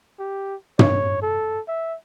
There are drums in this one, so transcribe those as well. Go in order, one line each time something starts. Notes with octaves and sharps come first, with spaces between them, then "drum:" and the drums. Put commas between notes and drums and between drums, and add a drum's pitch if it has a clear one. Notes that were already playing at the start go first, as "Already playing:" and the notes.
G4
C#5, drum: tom
A4
E5